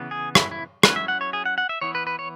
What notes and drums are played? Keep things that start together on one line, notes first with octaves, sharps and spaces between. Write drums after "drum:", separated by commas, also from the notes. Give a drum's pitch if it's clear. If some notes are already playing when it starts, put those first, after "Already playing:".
Already playing: C#3 E3 B3
G#4
E4, drum: rim click
E4
F#3 C#4 E4 B4, drum: rim click
E5
F#5
C#5
G#4
F#5
F#5
E5
E3 B3 E4 C#5
B4
B4
C#5